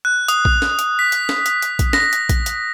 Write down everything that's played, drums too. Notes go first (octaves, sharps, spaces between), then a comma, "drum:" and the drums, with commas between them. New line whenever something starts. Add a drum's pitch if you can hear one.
F#6
D#6, drum: hi-hat
drum: kick
drum: snare
drum: hi-hat
B6
drum: hi-hat
drum: snare
drum: hi-hat
drum: hi-hat
drum: kick, hi-hat
A#6, drum: snare
drum: hi-hat
drum: kick, hi-hat
drum: hi-hat